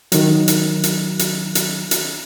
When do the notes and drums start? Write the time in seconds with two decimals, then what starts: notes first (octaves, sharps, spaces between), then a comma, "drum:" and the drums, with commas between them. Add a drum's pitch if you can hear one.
0.12 D#3 F#3, drum: hi-hat
0.48 drum: hi-hat
0.84 drum: hi-hat
1.19 drum: hi-hat
1.55 drum: hi-hat
1.91 drum: hi-hat